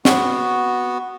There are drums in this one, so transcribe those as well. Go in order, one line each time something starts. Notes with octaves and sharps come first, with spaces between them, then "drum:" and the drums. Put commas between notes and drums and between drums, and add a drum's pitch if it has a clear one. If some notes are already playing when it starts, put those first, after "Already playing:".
B3 F#4, drum: snare